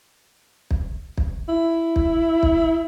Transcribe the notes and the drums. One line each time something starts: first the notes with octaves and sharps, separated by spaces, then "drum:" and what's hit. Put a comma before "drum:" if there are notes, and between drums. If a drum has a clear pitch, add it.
drum: kick
drum: kick
E4
drum: kick
drum: kick